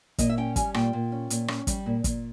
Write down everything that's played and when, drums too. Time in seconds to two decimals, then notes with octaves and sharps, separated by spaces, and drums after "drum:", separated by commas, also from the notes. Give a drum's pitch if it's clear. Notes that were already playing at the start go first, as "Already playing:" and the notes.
0.18 A#2 D#5, drum: kick, hi-hat
0.29 E5
0.37 C#4 G5
0.56 G3 G#5, drum: kick, hi-hat
0.74 A#2 G5, drum: rim click
0.93 A#2
1.12 C#4
1.30 A#2, drum: hi-hat
1.48 C#4, drum: rim click
1.67 G3, drum: kick, hi-hat
1.86 A#2
2.04 A#2, drum: kick, hi-hat